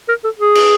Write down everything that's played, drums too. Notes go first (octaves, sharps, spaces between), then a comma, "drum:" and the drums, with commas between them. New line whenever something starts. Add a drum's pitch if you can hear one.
A#4
A4
G#4
drum: cymbal